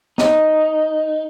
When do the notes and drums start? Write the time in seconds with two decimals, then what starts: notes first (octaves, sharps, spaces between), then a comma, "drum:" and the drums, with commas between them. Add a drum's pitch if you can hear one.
0.18 D#4, drum: snare